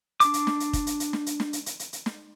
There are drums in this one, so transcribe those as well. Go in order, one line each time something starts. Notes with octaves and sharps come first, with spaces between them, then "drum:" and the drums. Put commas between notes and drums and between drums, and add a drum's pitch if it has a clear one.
D4 D6, drum: hi-hat
drum: hi-hat
drum: snare
drum: hi-hat
drum: kick, hi-hat
drum: hi-hat
drum: hi-hat
drum: snare
drum: hi-hat
drum: snare
drum: hi-hat
drum: hi-hat
drum: hi-hat
drum: hi-hat
drum: snare